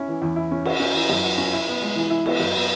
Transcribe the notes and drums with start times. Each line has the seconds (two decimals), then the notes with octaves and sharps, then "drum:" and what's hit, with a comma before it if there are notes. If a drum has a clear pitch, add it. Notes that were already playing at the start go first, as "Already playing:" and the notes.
Already playing: C#4 E4
0.08 E3
0.22 E2
0.36 E4
0.51 C#4
0.65 F#4, drum: cymbal
0.80 C#4
0.95 E3
1.09 F#2
1.24 F#4
1.38 C#4
1.53 E4
1.68 B3
1.82 G#3
1.96 E3
2.10 E4
2.26 B3, drum: cymbal
2.40 F#2
2.55 B3